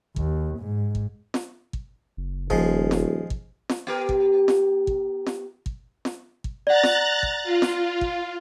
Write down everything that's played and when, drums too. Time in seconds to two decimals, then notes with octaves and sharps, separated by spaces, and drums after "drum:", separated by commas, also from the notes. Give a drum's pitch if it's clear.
0.16 D#2, drum: kick
0.59 G#2
0.95 drum: kick
1.34 drum: snare
1.73 drum: kick
2.17 F#1
2.50 D#1 F3 G#3, drum: kick
2.91 drum: snare
3.30 drum: kick
3.70 drum: snare
3.87 B3 G4 A#4
4.09 drum: kick
4.48 drum: snare
4.87 drum: kick
5.27 drum: snare
5.66 drum: kick
6.05 drum: snare
6.44 drum: kick
6.67 D5 F#5 A#5 F#6 A6
6.84 drum: snare
7.23 drum: kick
7.43 F4
7.62 drum: snare
8.01 drum: kick